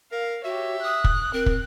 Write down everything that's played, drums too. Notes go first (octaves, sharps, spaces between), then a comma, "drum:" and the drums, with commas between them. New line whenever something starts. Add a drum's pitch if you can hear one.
A#4 F5
F#4 G4 C#5 E5
D#6 F#6
drum: kick
C4 A#4
drum: kick